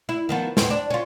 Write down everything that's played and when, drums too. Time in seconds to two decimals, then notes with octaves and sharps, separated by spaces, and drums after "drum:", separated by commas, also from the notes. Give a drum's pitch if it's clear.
0.09 E4
0.29 D#3 F3 B3
0.57 A2 B3 C4, drum: snare
0.70 D4
0.90 C#4 F4